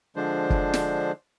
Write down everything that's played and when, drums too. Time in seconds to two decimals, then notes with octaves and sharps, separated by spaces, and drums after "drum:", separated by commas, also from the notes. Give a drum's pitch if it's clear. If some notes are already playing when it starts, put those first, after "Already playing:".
0.16 D3 F3 G#3 D4 C5
0.50 drum: kick
0.74 drum: snare